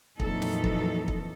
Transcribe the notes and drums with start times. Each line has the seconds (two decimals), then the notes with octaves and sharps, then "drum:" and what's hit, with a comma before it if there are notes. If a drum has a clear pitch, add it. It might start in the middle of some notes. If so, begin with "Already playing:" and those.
0.20 F2 A#2 E3 F#3 D#4 A4, drum: kick
0.42 drum: snare
0.64 drum: kick
1.08 drum: kick